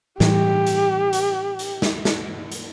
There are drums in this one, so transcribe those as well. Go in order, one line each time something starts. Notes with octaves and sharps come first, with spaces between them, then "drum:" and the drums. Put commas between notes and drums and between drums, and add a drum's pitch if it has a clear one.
A2 E3 G3 G4, drum: snare
drum: hi-hat
drum: hi-hat
drum: hi-hat
drum: snare
drum: snare
drum: hi-hat